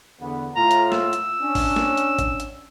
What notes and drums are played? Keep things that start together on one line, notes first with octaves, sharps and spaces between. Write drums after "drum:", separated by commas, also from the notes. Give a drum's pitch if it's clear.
E2 D3 B3
A2 F4 A#5
drum: hi-hat
E6, drum: snare
drum: hi-hat
C#4 D4
drum: kick, open hi-hat
drum: snare
drum: hi-hat
drum: kick, hi-hat
drum: hi-hat